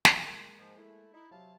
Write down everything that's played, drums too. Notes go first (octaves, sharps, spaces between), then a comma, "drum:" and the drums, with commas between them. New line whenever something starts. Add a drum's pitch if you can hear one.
drum: snare
G#3 A#3
G#2 F3
A3 E4
D#4 E4
C3 F#3 F5 A5